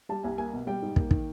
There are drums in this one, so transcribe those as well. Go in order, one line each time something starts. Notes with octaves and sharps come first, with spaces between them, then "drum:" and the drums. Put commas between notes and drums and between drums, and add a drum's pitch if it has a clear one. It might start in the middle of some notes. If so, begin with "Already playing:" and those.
G3 A5
C2 G#5
A#3 G#5
B2
G3 G5
G#2
A#3, drum: kick
D#3, drum: kick